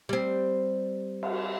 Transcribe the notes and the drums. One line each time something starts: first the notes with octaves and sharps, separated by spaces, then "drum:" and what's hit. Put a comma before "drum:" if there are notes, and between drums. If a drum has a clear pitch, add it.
G3 C4
drum: cymbal